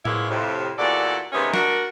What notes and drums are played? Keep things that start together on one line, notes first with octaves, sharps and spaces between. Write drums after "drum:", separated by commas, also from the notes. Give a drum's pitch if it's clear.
F3 G#3 A#3 B3 C#4 E4, drum: tom A2
F2 A2 C3
E2 A#2 F#4 A4 D5
C3 D#3 G#3 A3 B3 C#4
D4 F#4 A#4, drum: snare